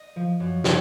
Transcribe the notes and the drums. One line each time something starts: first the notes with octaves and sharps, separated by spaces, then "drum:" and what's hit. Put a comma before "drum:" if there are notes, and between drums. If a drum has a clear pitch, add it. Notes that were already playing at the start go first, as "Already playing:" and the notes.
Already playing: D#5
F3
F#2
C#3 C#5, drum: snare